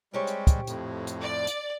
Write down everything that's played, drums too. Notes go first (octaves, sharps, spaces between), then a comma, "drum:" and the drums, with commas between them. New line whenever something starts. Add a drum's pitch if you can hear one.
G3 G#3 C4 G4 C#5
drum: hi-hat
drum: kick, hi-hat
F2 A2, drum: hi-hat
drum: hi-hat
D5
drum: hi-hat